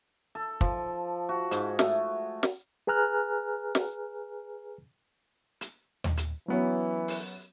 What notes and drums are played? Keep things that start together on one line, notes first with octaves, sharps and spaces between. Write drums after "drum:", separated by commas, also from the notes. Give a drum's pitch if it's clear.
A4
F3, drum: kick
F#4
G#2, drum: hi-hat
A3, drum: snare
drum: snare
G#4 B4 G#5 A#5 F6 F#6
drum: snare
drum: hi-hat
drum: tom D#2
drum: hi-hat
E3 F#3 B3 C#4
drum: open hi-hat